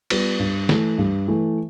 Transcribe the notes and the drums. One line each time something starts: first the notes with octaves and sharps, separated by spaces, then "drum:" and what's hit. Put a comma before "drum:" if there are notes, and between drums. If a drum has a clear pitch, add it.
G3 B3 F4, drum: cymbal
G2
E3 A3, drum: snare
G2
E3 A3